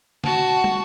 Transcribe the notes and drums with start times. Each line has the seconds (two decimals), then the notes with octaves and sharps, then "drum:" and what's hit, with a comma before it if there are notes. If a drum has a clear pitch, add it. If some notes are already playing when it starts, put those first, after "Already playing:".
0.24 F#4 A5, drum: snare
0.64 drum: tom